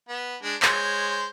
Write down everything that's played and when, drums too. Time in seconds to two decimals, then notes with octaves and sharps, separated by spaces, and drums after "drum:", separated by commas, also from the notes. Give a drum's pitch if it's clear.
0.09 B3
0.43 G#3 D4
0.62 G#3 C5 C#5, drum: clap